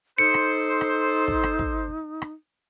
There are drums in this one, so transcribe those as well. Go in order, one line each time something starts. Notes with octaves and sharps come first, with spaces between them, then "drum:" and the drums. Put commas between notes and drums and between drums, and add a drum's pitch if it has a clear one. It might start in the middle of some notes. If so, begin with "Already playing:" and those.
D#4 A4 C5 C#7
drum: rim click
drum: rim click
drum: kick
drum: rim click
drum: kick
drum: rim click